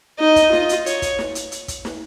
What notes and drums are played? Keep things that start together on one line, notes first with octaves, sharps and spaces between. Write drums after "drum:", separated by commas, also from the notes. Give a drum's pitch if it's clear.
D#4 D#5
drum: kick, hi-hat
F4, drum: snare
drum: hi-hat
C#5, drum: hi-hat
drum: kick, hi-hat
drum: snare
drum: hi-hat
drum: hi-hat
drum: kick, hi-hat
drum: snare